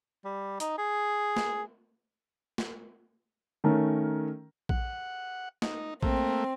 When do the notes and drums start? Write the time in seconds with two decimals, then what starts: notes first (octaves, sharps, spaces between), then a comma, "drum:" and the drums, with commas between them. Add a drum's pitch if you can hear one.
0.25 G3
0.60 D#4, drum: hi-hat
0.78 G#4
1.36 drum: snare
2.58 drum: snare
3.64 D#3 A3 C#4 A#4
4.69 F#5, drum: kick A#1
5.62 D#4, drum: snare
6.03 A3 A#3 C4, drum: kick A#1